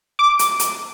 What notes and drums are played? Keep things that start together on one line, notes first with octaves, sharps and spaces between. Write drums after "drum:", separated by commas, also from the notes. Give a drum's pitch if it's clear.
D6 D7
drum: hi-hat
drum: hi-hat